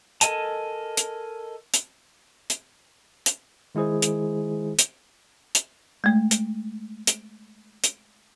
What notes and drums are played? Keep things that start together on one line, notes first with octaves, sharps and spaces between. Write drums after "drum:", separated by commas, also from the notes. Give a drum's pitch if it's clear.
A4 A#4 D#5 G#5 A5, drum: hi-hat
drum: hi-hat
drum: hi-hat
drum: hi-hat
drum: hi-hat
D#3 G#3 E4 G#4 C5
drum: hi-hat
drum: hi-hat
drum: hi-hat
G#3 A3
drum: hi-hat
drum: hi-hat
drum: hi-hat